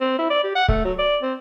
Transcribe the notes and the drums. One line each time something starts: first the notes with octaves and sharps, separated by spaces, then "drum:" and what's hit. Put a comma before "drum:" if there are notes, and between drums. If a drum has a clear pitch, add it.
C4
E4
D5
G4
F#5
A3, drum: kick C#1
F#3
D5
C4